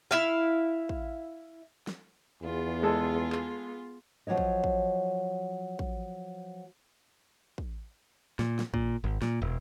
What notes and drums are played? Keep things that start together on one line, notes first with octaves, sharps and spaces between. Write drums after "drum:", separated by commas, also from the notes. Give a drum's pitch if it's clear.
E4 E5 F5
drum: kick
drum: snare
E2 B3 F4 G#4
G#3 A4
drum: clap
F3 F#3 A3 C#5 D#5
drum: kick
drum: kick
drum: kick
drum: kick
A#2, drum: snare
drum: snare
A#2, drum: kick
G#1
A#2, drum: snare
E1